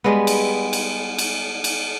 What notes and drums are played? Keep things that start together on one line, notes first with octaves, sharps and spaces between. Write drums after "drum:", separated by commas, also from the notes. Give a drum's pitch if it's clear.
G3 G#3 B3
drum: cymbal
drum: cymbal
drum: cymbal
drum: cymbal